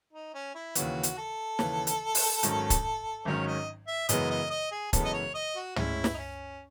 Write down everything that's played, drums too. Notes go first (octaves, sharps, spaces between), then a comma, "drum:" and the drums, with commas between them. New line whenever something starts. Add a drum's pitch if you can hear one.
D#4
C#4
E4
D#2 C#3 E3 F#4, drum: hi-hat
drum: hi-hat
A4
D#2 C#3 E3, drum: snare
drum: hi-hat
drum: open hi-hat
G#1 G#2 D#3 F#3 C#4, drum: hi-hat
drum: kick, hi-hat
G#1 G#2 D#3 F#3 C#4 C#5
D#5
E5
F#2 C#3 E3 G#3 B3 D#5, drum: hi-hat
D#5
D#5
G#4
F#2 C#3 E3 G#3 B3 A4, drum: kick, hi-hat
D#5
C#5
D#5
F#4
A2 G#3 C#4 E4, drum: tom
drum: snare
D#4
C#4